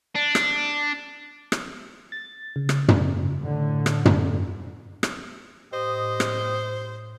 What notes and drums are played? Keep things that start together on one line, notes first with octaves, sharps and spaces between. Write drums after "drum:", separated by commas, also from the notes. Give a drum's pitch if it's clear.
D4
drum: rim click
drum: rim click
A6
C#3
drum: rim click
drum: tom
A2 D3
drum: rim click
drum: tom
drum: rim click
A2 G4 C5 D#5
drum: rim click